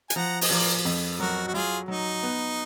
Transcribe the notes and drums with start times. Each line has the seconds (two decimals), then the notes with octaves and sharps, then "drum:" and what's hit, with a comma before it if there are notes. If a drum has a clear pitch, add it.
0.10 G#5, drum: hi-hat
0.16 F3 F#5 A#5
0.41 D#5, drum: open hi-hat
0.51 F3 A#4 D5
0.85 F2
1.19 F#3 F#4 A#4
1.47 F#4
1.54 F#3 F4 G#4
1.88 F#3 D#4
2.23 B3